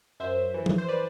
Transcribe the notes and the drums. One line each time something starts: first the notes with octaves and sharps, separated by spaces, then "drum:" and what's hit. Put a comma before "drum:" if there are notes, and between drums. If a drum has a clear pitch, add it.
F#2 C5 E5
E3
drum: tom
C5
B4 D5